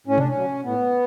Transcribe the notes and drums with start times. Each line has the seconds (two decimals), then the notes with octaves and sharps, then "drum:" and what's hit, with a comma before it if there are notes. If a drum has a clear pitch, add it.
0.07 A2 C#4
0.18 D4, drum: tom B2
0.28 C#4
0.35 F#3
0.64 A2 B3